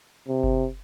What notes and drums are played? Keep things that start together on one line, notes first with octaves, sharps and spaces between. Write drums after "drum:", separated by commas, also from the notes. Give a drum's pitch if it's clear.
C3
drum: kick F#1